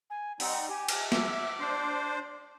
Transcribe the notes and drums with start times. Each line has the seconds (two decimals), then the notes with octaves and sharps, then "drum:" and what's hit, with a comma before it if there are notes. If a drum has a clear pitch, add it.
0.10 G#5
0.40 G3 C4 D#4 F#5, drum: open hi-hat
0.69 G4 G#5
0.88 drum: cymbal
1.12 E5 D6, drum: snare
1.60 D4 C5